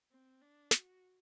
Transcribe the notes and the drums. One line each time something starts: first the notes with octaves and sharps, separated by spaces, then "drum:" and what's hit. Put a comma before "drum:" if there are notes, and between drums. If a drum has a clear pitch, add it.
C4
D4
F#4, drum: snare